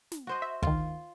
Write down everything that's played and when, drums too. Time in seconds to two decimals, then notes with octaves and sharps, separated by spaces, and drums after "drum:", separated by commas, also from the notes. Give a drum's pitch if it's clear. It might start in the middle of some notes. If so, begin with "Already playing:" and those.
0.12 drum: snare
0.27 F#4 C5 D#5
0.42 E5
0.63 D2 D#3 F4, drum: kick